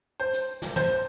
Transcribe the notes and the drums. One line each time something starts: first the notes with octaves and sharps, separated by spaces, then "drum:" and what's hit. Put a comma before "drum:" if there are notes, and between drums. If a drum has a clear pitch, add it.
C5
drum: hi-hat
drum: snare
C5, drum: tom